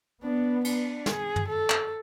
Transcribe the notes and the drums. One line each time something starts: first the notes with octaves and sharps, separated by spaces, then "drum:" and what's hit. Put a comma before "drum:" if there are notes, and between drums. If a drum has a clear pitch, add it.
B3 D4
D4, drum: cymbal
G#4, drum: snare
drum: tom
A4
drum: clap